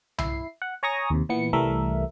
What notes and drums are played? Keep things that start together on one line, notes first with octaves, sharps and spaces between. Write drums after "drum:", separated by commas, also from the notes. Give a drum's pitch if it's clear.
E4 C7, drum: tom C2
F#5
C#5 G#5 A#5 C#6 D#6 A#6
D#2 C3
A#2 E3 B3 C#7
C2 E3 G3 A3 A#4 E5